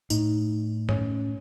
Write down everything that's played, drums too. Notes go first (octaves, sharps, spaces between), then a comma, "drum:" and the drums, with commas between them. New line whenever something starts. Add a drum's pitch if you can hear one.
A2 D#4, drum: tambourine
C#4, drum: tom G2